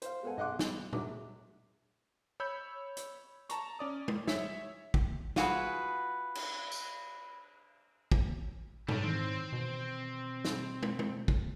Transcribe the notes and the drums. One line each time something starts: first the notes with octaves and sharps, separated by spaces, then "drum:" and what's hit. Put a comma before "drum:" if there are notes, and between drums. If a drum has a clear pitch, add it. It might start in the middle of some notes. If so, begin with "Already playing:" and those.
C5 F5, drum: hi-hat
G#3 B3 A4 F#5 G#5
B1 D#5 F#5 C6 D6 F#6
B2, drum: snare
D3 F#3 G#3 E5 D6, drum: tom
C#5 B5 E6 G6
drum: hi-hat
A5 A#5 C#6, drum: hi-hat
C#4 D5 D#6
drum: tom
C#5 E5, drum: snare
drum: kick
F4 F#4 G#4 B4, drum: snare
drum: cymbal
drum: tambourine
drum: kick
G#2 G3 D4 A4 C#5, drum: tom
D#3 E3 C4
B2
drum: snare
drum: tom
drum: tom
drum: kick